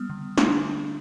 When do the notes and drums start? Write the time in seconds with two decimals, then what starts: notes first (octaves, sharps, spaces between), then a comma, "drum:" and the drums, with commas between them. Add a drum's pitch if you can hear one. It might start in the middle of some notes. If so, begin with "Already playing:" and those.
Already playing: G3 B3 D#6 F6
0.10 D3
0.38 D4, drum: snare